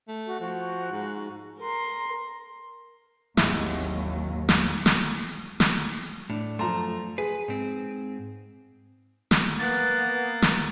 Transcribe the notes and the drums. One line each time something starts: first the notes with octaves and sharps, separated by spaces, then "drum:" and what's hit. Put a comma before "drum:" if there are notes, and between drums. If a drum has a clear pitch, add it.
A3
F#4
F3 F#4
G#2
A#4 C6
G#1 D#2 F#3 G#3 E4, drum: snare
drum: snare
drum: snare
drum: snare
A2 D4
F#2 F3 A3 A#5 C6
G#4 B4
G#2 C4
drum: snare
A#3 B3 F#6 A6
drum: snare